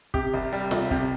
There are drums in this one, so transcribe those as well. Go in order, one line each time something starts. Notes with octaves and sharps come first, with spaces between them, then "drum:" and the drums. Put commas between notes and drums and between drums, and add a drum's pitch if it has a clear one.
C3 G4, drum: kick
C2
G3
C2, drum: snare F4
C3, drum: kick